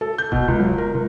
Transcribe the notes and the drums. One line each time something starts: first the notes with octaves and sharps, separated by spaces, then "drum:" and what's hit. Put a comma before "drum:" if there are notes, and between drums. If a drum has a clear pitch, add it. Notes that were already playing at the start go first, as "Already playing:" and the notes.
A4
G6
B2, drum: kick D#1
C#2
F#3
A#4
C#2